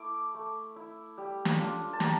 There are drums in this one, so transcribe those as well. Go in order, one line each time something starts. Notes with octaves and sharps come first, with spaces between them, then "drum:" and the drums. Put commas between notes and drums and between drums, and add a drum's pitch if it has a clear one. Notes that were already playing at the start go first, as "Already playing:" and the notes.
Already playing: A3 E4 D6
A3
E4
G3
drum: snare
D4 F4
A5
G3 A#5, drum: snare